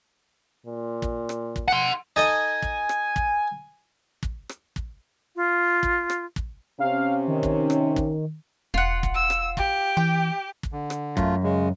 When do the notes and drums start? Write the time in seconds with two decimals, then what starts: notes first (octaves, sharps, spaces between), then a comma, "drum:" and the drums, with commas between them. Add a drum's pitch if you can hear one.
0.66 A#2
1.02 drum: kick
1.29 drum: rim click
1.56 drum: kick
1.68 F#5 C6
2.16 D#4 A4 D#5 G#5
2.63 drum: kick
2.89 drum: rim click
3.16 drum: kick
4.23 drum: kick
4.49 drum: rim click
4.76 drum: kick
5.36 F4
5.83 drum: kick
6.10 drum: rim click
6.36 drum: kick
6.80 C3 C#4 F5
7.28 D#3
7.43 drum: kick
7.70 drum: rim click
7.96 drum: kick
8.74 E1 F4 F#5
9.03 drum: kick
9.14 E6
9.30 drum: rim click
9.57 G4, drum: kick
9.97 E3 G5
10.63 drum: kick
10.72 D3
10.90 drum: rim click
11.17 F#2 A3 F4, drum: kick
11.43 C#3 G#3